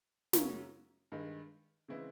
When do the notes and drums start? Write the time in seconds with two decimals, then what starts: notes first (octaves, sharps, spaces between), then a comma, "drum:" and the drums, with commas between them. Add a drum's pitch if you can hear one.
0.33 F#2 C#3 F#3 A#3 C#4, drum: snare
1.12 G2 D#3 G#3
1.88 C#3 E3 G#3 C4 E4